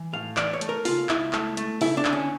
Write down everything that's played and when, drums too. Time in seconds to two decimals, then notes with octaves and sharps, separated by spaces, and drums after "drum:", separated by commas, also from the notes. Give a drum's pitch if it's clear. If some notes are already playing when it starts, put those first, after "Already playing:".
Already playing: E3
0.13 A2 F5
0.37 E3 D5, drum: clap
0.53 C#5
0.61 A3, drum: hi-hat
0.69 A#4
0.85 C#3 F4, drum: open hi-hat
1.09 C#2 E4, drum: clap
1.33 A3, drum: clap
1.57 A3, drum: hi-hat
1.81 C#3 E4, drum: open hi-hat
1.97 D4
2.05 D2, drum: clap
2.13 C#4